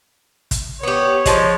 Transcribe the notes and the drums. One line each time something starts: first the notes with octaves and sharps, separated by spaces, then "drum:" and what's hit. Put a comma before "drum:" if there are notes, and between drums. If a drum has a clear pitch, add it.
drum: kick, hi-hat
B3 G4 C#5
F3 G#3, drum: kick, hi-hat